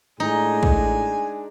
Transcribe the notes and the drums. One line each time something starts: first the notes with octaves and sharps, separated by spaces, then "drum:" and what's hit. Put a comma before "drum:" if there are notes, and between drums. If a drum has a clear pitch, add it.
A2 G#3 D4 D#4 G#5
drum: kick